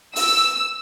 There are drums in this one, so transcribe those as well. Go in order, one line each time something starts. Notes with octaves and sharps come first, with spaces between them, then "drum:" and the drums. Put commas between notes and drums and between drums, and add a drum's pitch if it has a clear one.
E6, drum: open hi-hat